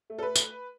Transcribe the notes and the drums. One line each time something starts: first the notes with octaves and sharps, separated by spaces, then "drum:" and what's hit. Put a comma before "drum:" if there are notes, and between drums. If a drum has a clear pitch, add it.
A3
A4
B4
drum: tambourine